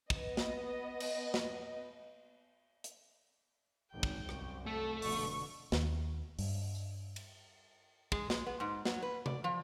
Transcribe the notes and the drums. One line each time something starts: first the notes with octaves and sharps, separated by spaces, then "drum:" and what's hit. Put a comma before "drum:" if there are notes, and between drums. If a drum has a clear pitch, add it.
B3 D#5, drum: kick
drum: snare
drum: cymbal
drum: snare
drum: hi-hat
G#1 D#2 G5
drum: kick
C2 F#2, drum: rim click
A3 A4
F1 B2 D3 C#6, drum: open hi-hat
D#2, drum: snare
G2, drum: open hi-hat
drum: tambourine
drum: cymbal
G#3, drum: kick
G#3, drum: snare
B3
G#2
F#3, drum: snare
B4
D5, drum: tom C3
F3